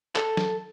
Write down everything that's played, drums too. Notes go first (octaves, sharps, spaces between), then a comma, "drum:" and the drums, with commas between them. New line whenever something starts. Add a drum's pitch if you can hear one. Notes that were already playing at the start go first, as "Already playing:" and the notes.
A4, drum: clap
drum: snare